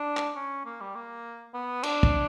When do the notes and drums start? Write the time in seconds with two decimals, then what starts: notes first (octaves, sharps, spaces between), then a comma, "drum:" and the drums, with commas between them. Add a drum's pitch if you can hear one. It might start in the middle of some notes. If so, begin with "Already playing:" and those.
Already playing: D4
0.17 drum: clap
0.36 C#4
0.65 A#3
0.81 G3
0.95 A#3
1.54 B3
1.83 D4, drum: cymbal
2.03 drum: kick